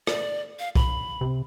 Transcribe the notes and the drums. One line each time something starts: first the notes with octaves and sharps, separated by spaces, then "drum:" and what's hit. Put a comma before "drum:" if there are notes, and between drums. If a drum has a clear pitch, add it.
D5, drum: rim click
F5
B5, drum: kick
C3